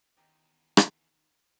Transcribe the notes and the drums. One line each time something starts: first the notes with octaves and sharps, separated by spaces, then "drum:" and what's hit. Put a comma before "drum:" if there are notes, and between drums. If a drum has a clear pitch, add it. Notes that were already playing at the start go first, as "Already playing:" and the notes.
E2 B2 D#3 C#4 D#4 G4
drum: rim click